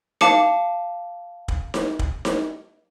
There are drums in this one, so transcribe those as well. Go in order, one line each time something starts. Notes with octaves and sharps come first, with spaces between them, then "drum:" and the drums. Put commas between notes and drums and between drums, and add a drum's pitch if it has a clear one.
F5 A5 D6 C#7, drum: snare D#4
drum: kick
drum: snare D#4
drum: kick
drum: snare D#4